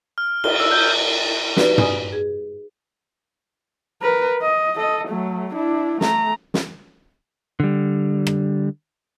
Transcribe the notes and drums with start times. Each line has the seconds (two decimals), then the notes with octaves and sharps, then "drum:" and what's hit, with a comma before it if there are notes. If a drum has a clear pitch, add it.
0.18 F6
0.44 G7, drum: cymbal
0.60 E6
0.71 G6
1.57 D#4 F#4 G4 B4 D5, drum: snare
1.78 D5 G#5 B5 D#6, drum: tom
2.13 G#4
4.02 A#4 B4
4.42 D#5
4.77 A4 D#5
5.09 F#3 A3
5.54 D4 E4
6.01 A3 A#5, drum: snare
6.54 drum: snare
7.60 D3 G3
8.27 drum: rim click